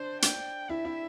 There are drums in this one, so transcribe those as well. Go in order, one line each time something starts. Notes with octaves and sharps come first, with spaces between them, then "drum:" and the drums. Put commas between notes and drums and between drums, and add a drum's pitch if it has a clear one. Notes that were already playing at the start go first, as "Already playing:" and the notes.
Already playing: D4 C5
G5, drum: hi-hat
E4 E5
E4